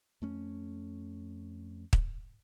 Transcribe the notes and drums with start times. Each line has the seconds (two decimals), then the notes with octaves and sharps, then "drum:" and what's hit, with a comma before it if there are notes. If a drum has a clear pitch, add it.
0.22 F2 A3 C#4
1.93 drum: kick